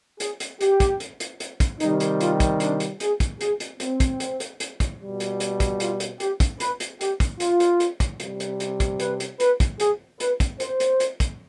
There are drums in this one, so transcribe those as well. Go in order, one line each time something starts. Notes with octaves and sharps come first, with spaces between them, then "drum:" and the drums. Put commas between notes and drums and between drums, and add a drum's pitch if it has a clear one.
G#4, drum: hi-hat
drum: hi-hat
G4, drum: hi-hat
drum: kick, hi-hat
drum: hi-hat
drum: hi-hat
drum: hi-hat
drum: kick, hi-hat
C3 D#3 G3 D#4, drum: hi-hat
drum: hi-hat
F4, drum: hi-hat
drum: kick, hi-hat
D4, drum: hi-hat
drum: hi-hat
G#4, drum: hi-hat
drum: kick, hi-hat
G#4, drum: hi-hat
drum: hi-hat
C4, drum: hi-hat
drum: kick, hi-hat
drum: hi-hat
drum: hi-hat
drum: hi-hat
drum: kick, hi-hat
B2 G3
drum: hi-hat
drum: hi-hat
drum: kick, hi-hat
F4, drum: hi-hat
drum: hi-hat
G4, drum: hi-hat
drum: kick, hi-hat
B4, drum: hi-hat
drum: hi-hat
G4, drum: hi-hat
drum: kick, hi-hat
F4, drum: hi-hat
drum: hi-hat
drum: hi-hat
drum: kick, hi-hat
C3 G3, drum: hi-hat
drum: hi-hat
drum: hi-hat
drum: kick, hi-hat
B4, drum: hi-hat
drum: hi-hat
B4, drum: hi-hat
drum: kick, hi-hat
G#4, drum: hi-hat
B4, drum: hi-hat
drum: kick, hi-hat
C5, drum: hi-hat
drum: hi-hat
drum: hi-hat
drum: kick, hi-hat